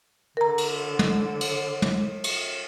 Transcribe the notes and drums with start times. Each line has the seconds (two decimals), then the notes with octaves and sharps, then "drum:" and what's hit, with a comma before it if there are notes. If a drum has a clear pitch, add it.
0.37 D3 A#4 A#5
0.58 drum: cymbal
0.99 drum: tom
1.41 drum: cymbal
1.82 drum: tom
2.24 drum: cymbal